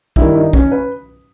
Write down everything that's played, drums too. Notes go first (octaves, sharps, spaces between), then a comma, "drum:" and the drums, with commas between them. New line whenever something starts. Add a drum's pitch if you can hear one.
G2 D#3 E4, drum: kick
D#4
C#4, drum: kick
B4